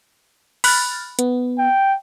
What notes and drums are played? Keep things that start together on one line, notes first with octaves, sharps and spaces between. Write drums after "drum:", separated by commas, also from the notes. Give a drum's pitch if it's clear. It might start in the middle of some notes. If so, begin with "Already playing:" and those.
B5 F6 F#6 A6, drum: open hi-hat
B3, drum: hi-hat
G5